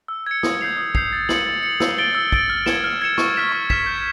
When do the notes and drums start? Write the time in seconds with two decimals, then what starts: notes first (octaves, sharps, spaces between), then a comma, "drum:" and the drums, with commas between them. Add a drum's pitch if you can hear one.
0.08 E6
0.26 G#6 C#7
0.43 D#6, drum: snare
0.61 G6 C7 F7
0.77 D#6
0.95 G6 C7 F7, drum: kick
1.12 A6
1.29 C#7 F#7, drum: snare
1.46 A6
1.63 C#7 F#7
1.80 E6, drum: snare
1.98 A6 D7 G7
2.15 E6
2.32 A6 D7 G7, drum: kick
2.50 F6
2.66 G#6 C#7 E7, drum: snare
2.84 F6
3.02 G#6 C#7 E7
3.18 C#6, drum: snare
3.36 F6 G#6 B6 E7
3.52 C#6
3.70 F6 G#6 B6 E7, drum: kick
3.86 G6